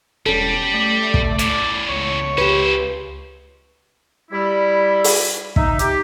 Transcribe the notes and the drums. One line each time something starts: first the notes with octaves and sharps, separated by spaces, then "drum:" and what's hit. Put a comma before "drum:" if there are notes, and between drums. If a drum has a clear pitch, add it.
E1 G3 C#4 A4
A3 D5
drum: kick
E2 A2 D5, drum: hi-hat
C#2 C#5
C#4 G4 B4 C5
G3 E4
drum: open hi-hat
D#4 E5, drum: kick
G4, drum: hi-hat